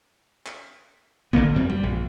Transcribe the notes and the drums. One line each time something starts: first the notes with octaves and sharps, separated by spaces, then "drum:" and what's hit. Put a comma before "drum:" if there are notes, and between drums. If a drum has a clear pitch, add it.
drum: clap
D3 D#3 A#3 B3, drum: kick
F#2 C4
G3, drum: tom E3
A#1